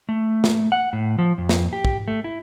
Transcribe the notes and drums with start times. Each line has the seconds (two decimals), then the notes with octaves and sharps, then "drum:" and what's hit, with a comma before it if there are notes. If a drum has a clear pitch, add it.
0.09 A3
0.44 drum: snare
0.72 F#5
0.93 A2
1.19 F3
1.38 F2
1.49 drum: snare
1.73 G4
1.85 drum: kick
2.08 A3
2.24 E4